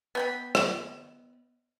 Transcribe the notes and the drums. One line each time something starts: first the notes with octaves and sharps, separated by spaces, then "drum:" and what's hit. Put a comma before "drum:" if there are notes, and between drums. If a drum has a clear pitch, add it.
B3 G5 B5
drum: rim click